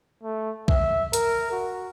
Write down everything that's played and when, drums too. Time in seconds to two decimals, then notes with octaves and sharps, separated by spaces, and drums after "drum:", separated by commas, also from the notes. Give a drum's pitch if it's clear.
0.24 A3
0.68 E5, drum: kick
1.13 A#4, drum: hi-hat
1.52 F#4